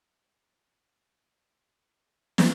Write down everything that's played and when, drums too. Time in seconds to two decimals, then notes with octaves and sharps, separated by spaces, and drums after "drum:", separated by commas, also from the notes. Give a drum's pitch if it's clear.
0.02 D#5
0.57 D5
1.68 F3 A#4 F#5
2.38 drum: snare